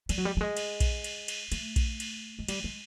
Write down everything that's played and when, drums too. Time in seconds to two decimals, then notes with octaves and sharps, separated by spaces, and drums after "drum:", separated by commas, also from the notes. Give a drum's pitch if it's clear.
0.09 G3, drum: cymbal
0.18 F#3
0.25 G3
0.37 G3
0.41 G#3
0.57 drum: cymbal
0.80 drum: kick A#1, cymbal
1.04 drum: cymbal
1.28 drum: cymbal
1.52 A3, drum: cymbal
1.76 drum: kick A#1, cymbal
2.00 drum: cymbal
2.39 G#3
2.48 G3, drum: cymbal
2.64 G#3